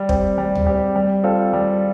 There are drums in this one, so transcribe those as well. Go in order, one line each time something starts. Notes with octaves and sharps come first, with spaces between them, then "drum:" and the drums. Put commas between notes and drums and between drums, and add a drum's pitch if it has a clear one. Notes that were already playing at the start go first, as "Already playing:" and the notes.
Already playing: G3
C4 G4, drum: kick
G3
drum: tom D2
C4 G4
G3
C4 F4 A4
G3